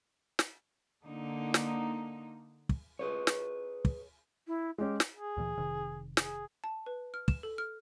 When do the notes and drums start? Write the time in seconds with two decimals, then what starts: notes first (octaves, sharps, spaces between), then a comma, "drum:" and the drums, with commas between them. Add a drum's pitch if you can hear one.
0.39 drum: snare
1.03 D3 A#3 D#4
1.54 drum: snare
2.69 drum: kick
2.99 G#4 B4 C#5
3.27 drum: snare
3.85 drum: kick
4.47 E4
4.78 G#3 C#4 G4
5.00 drum: snare
5.15 G#4
5.37 D2 A#2 E3
5.58 F1 C3 D#3
6.17 G#4, drum: snare
6.64 A5
6.86 B4
7.14 F6
7.28 E7, drum: kick
7.43 A4
7.58 F6